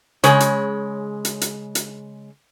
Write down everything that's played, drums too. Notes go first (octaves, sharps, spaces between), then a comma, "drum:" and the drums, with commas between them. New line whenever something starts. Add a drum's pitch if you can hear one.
C#3 G#3 C#5, drum: hi-hat
drum: hi-hat
drum: hi-hat
drum: hi-hat
drum: hi-hat